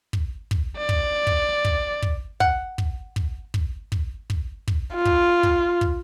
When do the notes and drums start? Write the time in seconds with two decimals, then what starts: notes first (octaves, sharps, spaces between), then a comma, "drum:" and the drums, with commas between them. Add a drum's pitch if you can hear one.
0.13 drum: kick
0.51 drum: kick
0.77 D5
0.89 drum: kick
1.27 drum: kick
1.65 drum: kick
2.02 drum: kick
2.40 F#5, drum: kick
2.78 drum: kick
3.16 drum: kick
3.54 drum: kick
3.92 drum: kick
4.30 drum: kick
4.68 drum: kick
4.95 F4
5.05 drum: kick
5.43 drum: kick
5.81 drum: kick